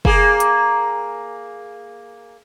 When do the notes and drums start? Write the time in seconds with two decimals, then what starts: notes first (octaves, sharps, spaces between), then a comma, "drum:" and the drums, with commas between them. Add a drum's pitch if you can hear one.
0.05 A#3 G#4, drum: kick
0.40 drum: hi-hat